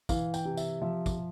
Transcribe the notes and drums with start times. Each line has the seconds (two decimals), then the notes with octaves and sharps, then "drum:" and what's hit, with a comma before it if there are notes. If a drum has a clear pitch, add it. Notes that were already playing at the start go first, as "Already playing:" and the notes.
0.09 E3 F5, drum: kick, tambourine
0.34 G5, drum: tambourine
0.45 C3
0.57 E5, drum: tambourine
0.82 F3 E5
1.06 drum: kick, tambourine